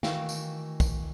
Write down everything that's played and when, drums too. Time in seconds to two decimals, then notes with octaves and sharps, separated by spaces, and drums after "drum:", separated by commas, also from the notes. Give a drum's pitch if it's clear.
0.03 D#3 E3 A3 F#4 F5 G5, drum: snare
0.29 drum: tambourine
0.80 drum: kick, tambourine